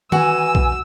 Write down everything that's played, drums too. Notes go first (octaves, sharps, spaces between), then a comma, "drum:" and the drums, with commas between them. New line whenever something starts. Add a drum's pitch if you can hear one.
E3 F#4 G#5 E6, drum: tom D#3
drum: kick B1